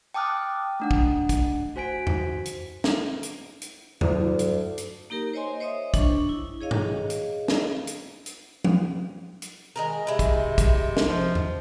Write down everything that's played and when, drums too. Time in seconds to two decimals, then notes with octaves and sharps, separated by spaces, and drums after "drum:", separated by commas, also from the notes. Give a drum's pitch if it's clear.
0.14 G5 A5 D6 D#6 F6 F#6
0.80 A3 D4 F#5
0.91 drum: kick
1.29 drum: kick, hi-hat
1.76 F#4 C5 G#5 B6 D7
2.07 drum: tom E2
2.45 drum: hi-hat
2.84 drum: snare
3.23 drum: hi-hat
3.61 drum: hi-hat
4.01 D2 G2 F#3 E4, drum: tom E2
4.39 drum: hi-hat
4.78 drum: hi-hat
5.10 A#3 D#4 G4 A#4
5.33 C5 C#5 D#5 G#5 C6
5.60 C5 C#5 D#5 E5 D#6
5.94 D4 C#6, drum: kick, hi-hat
6.29 E4
6.61 G#4 C#5 D#5 F5
6.71 drum: tom
7.10 drum: hi-hat
7.48 drum: snare
7.87 drum: hi-hat
8.26 drum: hi-hat
8.64 drum: tom
9.42 drum: hi-hat
9.76 D#3 G#3 G#4 A#4
10.07 C3 G#3 E4
10.19 drum: kick, hi-hat
10.58 drum: kick, hi-hat
10.97 drum: snare
11.06 F3
11.35 drum: tom E2